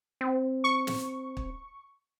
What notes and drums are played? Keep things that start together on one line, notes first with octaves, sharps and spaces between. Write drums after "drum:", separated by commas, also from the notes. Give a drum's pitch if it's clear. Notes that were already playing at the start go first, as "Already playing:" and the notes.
C4
C#6
drum: snare
drum: kick